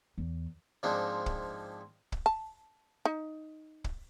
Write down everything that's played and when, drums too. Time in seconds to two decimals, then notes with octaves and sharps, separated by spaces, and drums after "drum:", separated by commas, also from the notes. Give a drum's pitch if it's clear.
0.18 E2
0.83 G#2 F3 A#3 C4 D4 D#4
1.26 drum: kick
2.12 drum: kick
2.26 A5
3.05 D#4
3.84 drum: kick